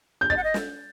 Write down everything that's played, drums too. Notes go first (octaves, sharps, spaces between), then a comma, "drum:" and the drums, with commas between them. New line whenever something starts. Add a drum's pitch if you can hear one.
G6
D#5 A6, drum: kick
F#5
D#5
drum: snare